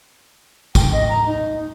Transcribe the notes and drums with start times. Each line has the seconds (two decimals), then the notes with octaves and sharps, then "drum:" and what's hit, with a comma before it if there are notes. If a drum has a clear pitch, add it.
0.75 G5, drum: kick G#1, tambourine
0.93 D#5
1.09 A#5
1.27 D#4